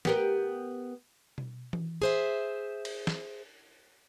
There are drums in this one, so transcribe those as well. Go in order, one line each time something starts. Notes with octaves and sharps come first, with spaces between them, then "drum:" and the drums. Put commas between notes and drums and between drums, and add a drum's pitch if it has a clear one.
B3 G4 A#4, drum: snare
drum: tom B2
drum: tom E3
G#4 C5 E5
drum: cymbal
drum: snare